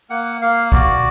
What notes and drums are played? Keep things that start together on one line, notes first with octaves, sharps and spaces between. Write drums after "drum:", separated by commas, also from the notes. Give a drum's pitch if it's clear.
A#3 F#5
A#3 F5
F#4 D5, drum: kick, tambourine